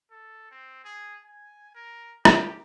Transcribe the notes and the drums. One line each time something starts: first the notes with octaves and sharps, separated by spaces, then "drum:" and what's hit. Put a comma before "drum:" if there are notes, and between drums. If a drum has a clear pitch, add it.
A4
C4
G#4
G#5
A#4
G4, drum: rim click